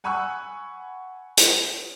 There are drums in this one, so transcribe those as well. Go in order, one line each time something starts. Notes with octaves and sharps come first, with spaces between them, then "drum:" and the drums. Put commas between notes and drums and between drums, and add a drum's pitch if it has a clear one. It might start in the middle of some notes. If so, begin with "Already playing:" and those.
F#5 G#5 B5 C#6 E6 F#6
drum: hi-hat